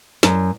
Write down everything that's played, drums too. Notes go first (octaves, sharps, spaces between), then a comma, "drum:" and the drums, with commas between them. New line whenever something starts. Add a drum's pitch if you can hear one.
F#2, drum: snare